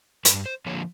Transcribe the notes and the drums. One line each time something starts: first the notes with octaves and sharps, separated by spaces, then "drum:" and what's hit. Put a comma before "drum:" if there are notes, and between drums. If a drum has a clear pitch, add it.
G2 B4, drum: hi-hat
C5
D3 F3 A#3 C#5